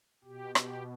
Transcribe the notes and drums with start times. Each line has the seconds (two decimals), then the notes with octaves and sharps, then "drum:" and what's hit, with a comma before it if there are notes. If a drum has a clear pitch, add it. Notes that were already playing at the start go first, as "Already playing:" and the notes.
0.24 B2 G4
0.55 G4, drum: rim click